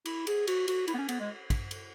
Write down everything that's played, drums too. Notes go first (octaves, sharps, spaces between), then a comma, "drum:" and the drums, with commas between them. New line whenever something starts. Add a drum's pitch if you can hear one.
E4, drum: cymbal
G#4, drum: cymbal
F#4, drum: cymbal
F#4, drum: cymbal
E4, drum: cymbal
B3
C#4
B3, drum: cymbal
G#3
drum: kick, cymbal
drum: cymbal